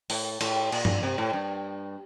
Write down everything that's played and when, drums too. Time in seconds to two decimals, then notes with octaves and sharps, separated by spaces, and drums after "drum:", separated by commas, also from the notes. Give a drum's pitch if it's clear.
0.10 A2, drum: open hi-hat
0.41 A2, drum: cymbal
0.72 A#2, drum: cymbal
0.85 drum: tom G2
1.03 C3
1.18 A2
1.33 G2